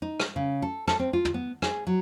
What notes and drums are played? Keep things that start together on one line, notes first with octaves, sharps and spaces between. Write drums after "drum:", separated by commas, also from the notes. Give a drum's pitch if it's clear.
D#4
drum: rim click
C#3
A4
A4, drum: rim click
C4
F4
drum: tom
B3
G#4, drum: rim click
F#3